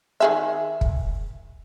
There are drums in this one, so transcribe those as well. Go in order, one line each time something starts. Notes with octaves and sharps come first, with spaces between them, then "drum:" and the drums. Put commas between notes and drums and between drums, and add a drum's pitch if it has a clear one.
D#3 G#4 E5
drum: kick